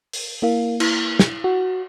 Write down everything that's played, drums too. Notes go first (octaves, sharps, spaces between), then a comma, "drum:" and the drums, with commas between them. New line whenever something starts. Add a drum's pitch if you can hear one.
drum: open hi-hat
A#3 E4 A#4 F5
E4, drum: cymbal
drum: snare
F#4